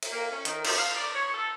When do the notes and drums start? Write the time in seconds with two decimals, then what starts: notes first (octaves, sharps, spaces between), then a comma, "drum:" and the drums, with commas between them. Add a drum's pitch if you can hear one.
0.03 drum: cymbal
0.12 A#3
0.32 C#4
0.45 D#3, drum: hi-hat
0.65 F#2, drum: cymbal
0.78 F5
0.96 D5
1.15 C#5
1.34 A4